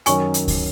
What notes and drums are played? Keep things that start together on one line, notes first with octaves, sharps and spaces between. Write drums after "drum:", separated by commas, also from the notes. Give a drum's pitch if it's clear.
F#2 D#3 F#3 C#4 G#5 C#6, drum: hi-hat
drum: hi-hat
drum: kick C#2, open hi-hat